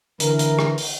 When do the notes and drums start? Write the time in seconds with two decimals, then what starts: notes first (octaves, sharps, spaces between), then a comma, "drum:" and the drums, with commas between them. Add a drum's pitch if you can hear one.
0.20 D3 E3 A#4, drum: hi-hat
0.39 drum: hi-hat
0.59 drum: rim click
0.78 drum: open hi-hat